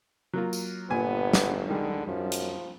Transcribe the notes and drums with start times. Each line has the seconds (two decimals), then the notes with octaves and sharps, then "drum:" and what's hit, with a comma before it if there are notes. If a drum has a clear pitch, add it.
0.33 F#3 A#3 F4
0.53 drum: tambourine
0.90 G1 A#2 B3 G#5
1.33 drum: snare
1.69 D3 D#3 G3 G#3
2.07 F#2 F3
2.32 drum: hi-hat